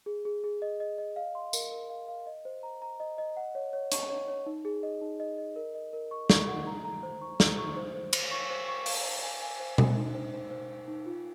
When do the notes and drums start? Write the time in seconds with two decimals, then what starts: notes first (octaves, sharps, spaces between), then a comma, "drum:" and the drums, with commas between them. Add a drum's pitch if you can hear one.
0.06 G#4
0.25 G#4
0.44 G#4
0.62 D#5
0.80 D#5
0.98 D#5
1.16 F5
1.35 C6
1.53 A#4, drum: tambourine
1.71 A#4
1.90 F5
2.08 F5
2.27 D#5
2.45 C5
2.63 A#5
2.82 A#5
3.00 D#5
3.18 D#5
3.37 F#5
3.55 C#5
3.73 C#5
3.92 C#6, drum: hi-hat
4.10 C#5
4.28 C#5
4.46 D#4
4.65 G#4
4.83 D#5
5.01 D#4
5.20 D#5
5.38 D#5
5.56 A#4
5.75 D#5
5.93 A#4
6.11 C#6
6.30 C#6, drum: snare
6.48 F#5
6.67 A#5
6.85 A#5
7.03 C5
7.21 C#6
7.40 A#5, drum: snare
7.58 C#6
7.76 C5
7.95 C5
8.13 C5, drum: cymbal
8.31 C#6
8.50 C5
8.68 C#6
8.86 F5, drum: open hi-hat
9.05 C5
9.23 G#5
9.42 G#5
9.60 C5
9.78 C5, drum: tom B2
9.96 D#4
10.15 C5
10.33 C5
10.51 C5
10.69 C5
10.88 D#4
11.06 F4